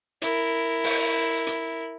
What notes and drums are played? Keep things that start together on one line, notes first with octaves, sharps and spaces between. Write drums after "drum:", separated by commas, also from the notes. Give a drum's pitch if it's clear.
E4 A#4, drum: hi-hat
drum: open hi-hat
drum: hi-hat